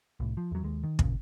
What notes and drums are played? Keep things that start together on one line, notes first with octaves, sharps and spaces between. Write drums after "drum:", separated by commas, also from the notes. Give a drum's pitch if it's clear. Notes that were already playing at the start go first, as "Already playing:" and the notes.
C2 A2
F3
E2 F#3
D#2 G#3
D#3
D#2 A#2 C#3, drum: kick